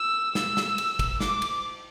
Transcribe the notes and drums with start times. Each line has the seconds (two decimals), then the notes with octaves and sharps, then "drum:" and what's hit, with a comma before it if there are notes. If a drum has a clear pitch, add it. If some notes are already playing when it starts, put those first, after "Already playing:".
Already playing: E6
0.35 E6, drum: snare
0.57 drum: snare
0.78 drum: cymbal
0.99 drum: kick, cymbal
1.20 D6, drum: snare
1.42 drum: cymbal